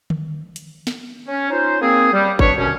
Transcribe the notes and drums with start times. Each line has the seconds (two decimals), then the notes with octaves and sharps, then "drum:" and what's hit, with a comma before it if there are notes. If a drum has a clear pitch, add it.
0.10 drum: tom D3
0.56 drum: hi-hat
0.87 drum: snare
1.28 C#4
1.50 C#4 D#4 F4 C5
1.81 A#3 C4 G#4
2.12 G3
2.39 D4 B4 C#5, drum: kick G#1
2.58 F#2 B2 D3 C#4